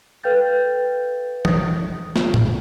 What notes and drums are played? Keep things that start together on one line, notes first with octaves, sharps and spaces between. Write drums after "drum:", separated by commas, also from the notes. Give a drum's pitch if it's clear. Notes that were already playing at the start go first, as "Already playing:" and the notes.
A4 B4 F5 G5 G6 A6
D#6, drum: tom
drum: snare
drum: tom A2